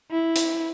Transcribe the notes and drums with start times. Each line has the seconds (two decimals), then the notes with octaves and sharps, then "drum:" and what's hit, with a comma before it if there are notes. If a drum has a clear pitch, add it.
0.11 E4
0.36 drum: hi-hat